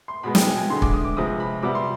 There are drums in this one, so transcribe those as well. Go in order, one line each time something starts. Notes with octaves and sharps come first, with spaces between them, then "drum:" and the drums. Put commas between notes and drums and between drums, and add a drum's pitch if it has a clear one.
C6
B2 G#3 B3 B5
G5, drum: snare
G#5
G#5
D3 G#3 B3 C6
D6, drum: kick
D#6
D6
C3 F3 G#3 B3 D#6
B5
C3 G3 B3 D6
C6